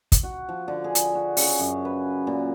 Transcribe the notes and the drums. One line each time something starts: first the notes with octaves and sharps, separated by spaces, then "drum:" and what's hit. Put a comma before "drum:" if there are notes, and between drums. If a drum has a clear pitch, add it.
drum: kick, hi-hat
F#4
F3
D3
G#4
drum: hi-hat
F#4
C#3, drum: open hi-hat
F#2
B4
A#2